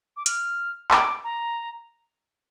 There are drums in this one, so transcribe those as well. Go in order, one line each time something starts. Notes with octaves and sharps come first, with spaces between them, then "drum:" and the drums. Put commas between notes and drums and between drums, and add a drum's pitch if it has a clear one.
D6
F6, drum: hi-hat
D6, drum: clap
A#5